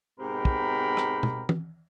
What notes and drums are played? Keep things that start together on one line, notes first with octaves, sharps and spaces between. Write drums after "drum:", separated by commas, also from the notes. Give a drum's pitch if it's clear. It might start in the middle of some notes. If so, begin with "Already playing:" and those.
G#2 B2 C4 G4 A#4 B5
drum: kick
drum: rim click
drum: tom B2
drum: tom E3